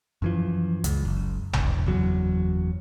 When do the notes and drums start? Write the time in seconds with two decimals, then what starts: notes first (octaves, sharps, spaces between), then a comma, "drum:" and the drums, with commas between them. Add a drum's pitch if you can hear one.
0.22 F#2 E3 F3
0.84 C#2, drum: hi-hat
1.05 F#1
1.53 E1, drum: tom A#1
1.86 F#1 E2 F#3